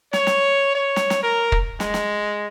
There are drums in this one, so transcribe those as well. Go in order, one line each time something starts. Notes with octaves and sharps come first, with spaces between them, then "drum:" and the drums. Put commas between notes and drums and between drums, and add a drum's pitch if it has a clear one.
C#5, drum: snare
drum: snare
C#5
drum: snare
drum: snare
A#4
drum: kick
G#3, drum: snare
drum: snare